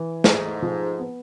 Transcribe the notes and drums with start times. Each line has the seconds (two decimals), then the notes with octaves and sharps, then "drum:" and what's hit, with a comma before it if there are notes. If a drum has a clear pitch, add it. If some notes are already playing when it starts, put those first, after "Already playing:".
Already playing: E3
0.24 G#2 A3, drum: snare
0.62 F3
0.99 B3